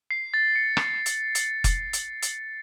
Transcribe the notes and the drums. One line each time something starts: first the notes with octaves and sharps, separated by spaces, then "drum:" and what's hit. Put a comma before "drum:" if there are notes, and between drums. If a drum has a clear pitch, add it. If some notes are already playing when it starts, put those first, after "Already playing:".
C7
A6
C#7
drum: rim click
drum: hi-hat
drum: hi-hat
drum: kick F1, hi-hat
drum: hi-hat
drum: hi-hat